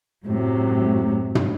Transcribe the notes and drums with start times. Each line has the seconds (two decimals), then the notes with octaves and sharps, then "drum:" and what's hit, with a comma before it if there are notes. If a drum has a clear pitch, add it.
0.25 F#2 A2 C3 F#3
1.35 drum: tom